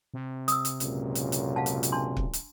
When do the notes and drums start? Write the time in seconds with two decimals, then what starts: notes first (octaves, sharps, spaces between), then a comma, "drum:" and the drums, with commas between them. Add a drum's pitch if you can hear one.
0.14 C3
0.48 D#6 E6, drum: hi-hat
0.65 drum: hi-hat
0.80 C#2 F#2 A#2, drum: hi-hat
1.15 drum: hi-hat
1.32 drum: hi-hat
1.56 F5 F#5 A5
1.66 drum: hi-hat
1.83 drum: hi-hat
1.92 D4 A5 C6
2.17 drum: kick
2.33 drum: hi-hat